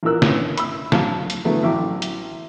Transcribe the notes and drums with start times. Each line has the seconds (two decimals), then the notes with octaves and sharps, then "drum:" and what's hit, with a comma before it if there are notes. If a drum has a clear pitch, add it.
0.03 A1 A#2 E3 A#4 E6 F#6
0.22 C#4 D4 E4 B4, drum: snare
0.57 B5 E6, drum: hi-hat
0.92 F#3 F5 A5, drum: snare
1.30 drum: hi-hat
1.45 D3 E3 F#3 A3 B3
1.63 A1 F#3 E5 G5 D6
2.02 drum: hi-hat